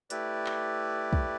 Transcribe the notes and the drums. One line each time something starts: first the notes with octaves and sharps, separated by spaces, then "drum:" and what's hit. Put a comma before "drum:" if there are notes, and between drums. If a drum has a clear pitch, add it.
A3 E4 G4 B4 D5, drum: hi-hat
drum: clap
drum: kick